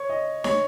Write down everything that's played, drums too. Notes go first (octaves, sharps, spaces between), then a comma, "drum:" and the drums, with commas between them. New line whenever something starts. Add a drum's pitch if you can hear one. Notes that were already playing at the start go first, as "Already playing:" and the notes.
Already playing: C#5
D#5
C#5, drum: snare